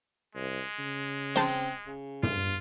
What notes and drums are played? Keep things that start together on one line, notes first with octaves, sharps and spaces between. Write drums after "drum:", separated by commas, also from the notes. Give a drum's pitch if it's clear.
C2 G#3
C#3
C4 C5 A5, drum: snare
C#3
G2 F4, drum: tom